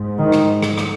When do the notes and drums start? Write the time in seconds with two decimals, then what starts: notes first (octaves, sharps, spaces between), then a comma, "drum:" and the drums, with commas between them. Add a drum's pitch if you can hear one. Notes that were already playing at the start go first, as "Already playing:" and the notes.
Already playing: G#2
0.18 D#3
0.32 drum: rim click
0.62 drum: rim click
0.78 drum: rim click